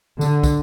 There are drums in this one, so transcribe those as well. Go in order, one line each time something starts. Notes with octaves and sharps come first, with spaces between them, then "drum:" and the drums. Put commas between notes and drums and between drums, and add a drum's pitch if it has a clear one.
D3, drum: tambourine
drum: kick, tambourine